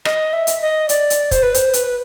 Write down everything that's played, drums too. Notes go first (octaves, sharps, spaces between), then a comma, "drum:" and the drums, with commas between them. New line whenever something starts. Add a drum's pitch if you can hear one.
D#5, drum: rim click
E5
drum: hi-hat
D#5
D5, drum: hi-hat
drum: hi-hat
C5, drum: kick, hi-hat
B4
C5, drum: hi-hat
B4, drum: hi-hat